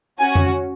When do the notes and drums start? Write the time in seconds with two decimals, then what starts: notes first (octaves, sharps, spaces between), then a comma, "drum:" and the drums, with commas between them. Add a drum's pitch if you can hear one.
0.19 C#4 F#4 G#5
0.35 drum: tom F2